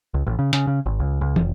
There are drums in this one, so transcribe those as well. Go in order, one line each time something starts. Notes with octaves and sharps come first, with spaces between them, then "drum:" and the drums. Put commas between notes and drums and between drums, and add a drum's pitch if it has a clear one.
C#2
A1
C#3
C#3, drum: hi-hat
C#3
G#1
C#2
C#2
F1, drum: tom